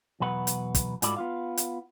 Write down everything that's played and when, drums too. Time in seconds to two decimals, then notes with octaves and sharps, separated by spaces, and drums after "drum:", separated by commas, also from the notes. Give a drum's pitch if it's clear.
0.20 E2 B2 F#3 B4 F#5
0.47 drum: hi-hat
0.75 drum: kick, hi-hat
1.02 G#2 A3 F4 F#4 D5 B5, drum: hi-hat
1.17 B3 F4 F5
1.57 drum: hi-hat